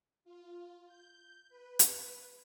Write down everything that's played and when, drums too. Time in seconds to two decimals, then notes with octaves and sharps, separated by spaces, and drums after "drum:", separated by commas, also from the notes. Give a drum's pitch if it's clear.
0.24 F4
0.86 G6
1.49 B4
1.79 drum: hi-hat